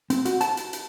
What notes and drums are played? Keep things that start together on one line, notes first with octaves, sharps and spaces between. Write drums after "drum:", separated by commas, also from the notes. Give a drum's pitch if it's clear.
C4, drum: hi-hat
F#4, drum: hi-hat
A5, drum: hi-hat
drum: hi-hat
drum: hi-hat